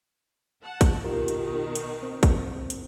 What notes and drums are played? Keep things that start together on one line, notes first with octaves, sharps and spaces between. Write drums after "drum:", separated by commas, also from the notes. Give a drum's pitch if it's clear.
F#5 A5
drum: kick, hi-hat
B2 D#3 F4 G4 A#4
drum: hi-hat
drum: hi-hat
C4
drum: kick, hi-hat
drum: hi-hat